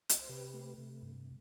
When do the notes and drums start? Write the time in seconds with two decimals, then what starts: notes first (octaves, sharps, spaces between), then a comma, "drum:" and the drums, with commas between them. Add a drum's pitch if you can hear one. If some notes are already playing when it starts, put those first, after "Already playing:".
0.09 D#5, drum: hi-hat
0.20 C5
0.29 C3 G4 B4
0.54 A3
0.78 C3
1.02 G2